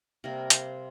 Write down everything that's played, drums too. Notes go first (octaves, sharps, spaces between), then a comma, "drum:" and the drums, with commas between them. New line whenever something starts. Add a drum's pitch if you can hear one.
C3 G3 A#3 A#4
C5, drum: hi-hat